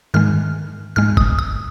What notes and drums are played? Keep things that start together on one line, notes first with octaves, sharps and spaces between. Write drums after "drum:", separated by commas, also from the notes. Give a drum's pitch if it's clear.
G#2 D#3 G#3 F6
G#2 G#3 F6
D#6, drum: kick
D#6